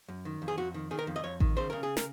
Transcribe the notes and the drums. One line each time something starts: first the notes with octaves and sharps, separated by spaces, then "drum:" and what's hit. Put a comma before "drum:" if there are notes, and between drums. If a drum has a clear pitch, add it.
F#2
D#3
F2
G#4
F2 F#4
D#3
D#3 G#4
A#4
F2
D#5
F2 C#5
D#3, drum: kick A1
C#3 C5
C#3 A#4
G#4
A#4, drum: snare